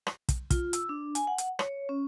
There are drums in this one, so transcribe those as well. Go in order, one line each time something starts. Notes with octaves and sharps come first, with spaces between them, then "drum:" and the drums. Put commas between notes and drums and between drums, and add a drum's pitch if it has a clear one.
drum: rim click
drum: kick, hi-hat
F4, drum: kick, hi-hat
E6, drum: hi-hat
D4
G#5, drum: hi-hat
F#5
drum: hi-hat
C#5, drum: rim click
C#4